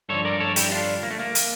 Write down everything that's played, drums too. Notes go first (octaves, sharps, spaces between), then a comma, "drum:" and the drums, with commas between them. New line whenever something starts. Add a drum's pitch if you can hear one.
G2 D3 F3 A4 C#5
A#4 D5
A4 C#5
E4 G4, drum: hi-hat
D4 F4
A#3
A3
A#3
drum: hi-hat